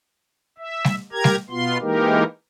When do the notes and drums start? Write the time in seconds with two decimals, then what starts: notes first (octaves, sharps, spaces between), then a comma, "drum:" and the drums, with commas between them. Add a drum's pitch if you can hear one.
0.58 E5
0.84 drum: snare G3
1.12 G4 A#4 A#5 G#6
1.24 drum: snare G3
1.50 B2 B3 F4 C6
1.81 E3 G#3 A#3 D#4 G4 A#4